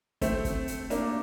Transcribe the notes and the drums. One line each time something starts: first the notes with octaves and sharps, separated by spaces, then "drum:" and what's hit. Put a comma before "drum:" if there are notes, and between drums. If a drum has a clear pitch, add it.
A3 C4, drum: kick, hi-hat
drum: kick, hi-hat
drum: hi-hat
A#3 D4, drum: hi-hat